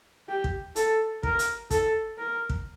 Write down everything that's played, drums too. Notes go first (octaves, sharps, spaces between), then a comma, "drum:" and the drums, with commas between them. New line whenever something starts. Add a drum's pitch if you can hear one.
G4
drum: kick
A4, drum: hi-hat
A#4, drum: kick
drum: hi-hat
A4, drum: kick, hi-hat
A#4
drum: kick